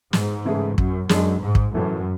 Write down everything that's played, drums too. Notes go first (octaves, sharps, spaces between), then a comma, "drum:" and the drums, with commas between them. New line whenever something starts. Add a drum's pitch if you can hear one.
G#2, drum: snare
C#3 E3 A3 E4 G#4
F#2, drum: kick
F#2 G#3 D4 G#4, drum: snare
G#2
drum: kick
F#2 A2 E3 A3